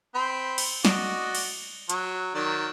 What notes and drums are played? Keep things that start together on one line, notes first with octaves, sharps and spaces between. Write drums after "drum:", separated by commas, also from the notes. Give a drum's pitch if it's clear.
C4 B5 C6
drum: cymbal
F#4 D5 D#5, drum: snare
drum: cymbal
F#3, drum: hi-hat
D#3 F#3 D5